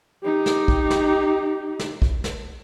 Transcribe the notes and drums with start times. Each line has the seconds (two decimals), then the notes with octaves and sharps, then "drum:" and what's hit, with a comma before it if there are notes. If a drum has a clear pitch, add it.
0.24 D#4 G4
0.46 drum: snare
0.68 drum: kick
0.90 drum: snare
1.79 drum: snare
2.02 drum: kick
2.24 drum: snare